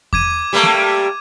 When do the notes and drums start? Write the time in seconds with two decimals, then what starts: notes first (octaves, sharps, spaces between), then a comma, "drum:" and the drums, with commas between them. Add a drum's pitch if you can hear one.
0.13 D6 G#6 D#7, drum: kick E2
0.53 G3 A3 A#3
0.63 drum: snare A#3